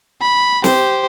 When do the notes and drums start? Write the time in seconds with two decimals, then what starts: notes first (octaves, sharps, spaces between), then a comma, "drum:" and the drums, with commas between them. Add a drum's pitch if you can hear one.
0.21 B5
0.64 G4 C5, drum: snare